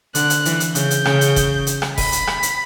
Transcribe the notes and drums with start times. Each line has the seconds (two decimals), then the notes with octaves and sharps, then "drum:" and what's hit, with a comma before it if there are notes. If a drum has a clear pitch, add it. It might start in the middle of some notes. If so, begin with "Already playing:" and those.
0.15 D3 F#6, drum: hi-hat
0.30 drum: hi-hat
0.45 E3, drum: hi-hat
0.60 drum: hi-hat
0.75 C#3 G6, drum: hi-hat
0.91 drum: hi-hat
1.05 C#3, drum: rim click
1.21 drum: hi-hat
1.36 drum: kick F1, hi-hat
1.67 drum: hi-hat
1.82 drum: rim click
1.98 B5, drum: kick F1, open hi-hat
2.12 drum: hi-hat
2.27 drum: rim click
2.43 drum: hi-hat